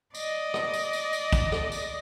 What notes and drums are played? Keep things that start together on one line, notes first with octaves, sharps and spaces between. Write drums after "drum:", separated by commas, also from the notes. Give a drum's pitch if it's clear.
D5 D#5, drum: tambourine
drum: rim click
drum: tambourine
drum: tambourine
drum: tambourine
drum: kick, tambourine
drum: rim click
drum: tambourine